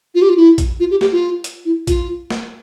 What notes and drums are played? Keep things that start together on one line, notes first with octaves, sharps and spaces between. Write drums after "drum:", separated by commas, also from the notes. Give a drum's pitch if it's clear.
F4
G4
F4
E4
drum: kick A#1, hi-hat
F4
G4
G4, drum: snare
F4
drum: hi-hat
E4
F4, drum: kick A#1, hi-hat
drum: snare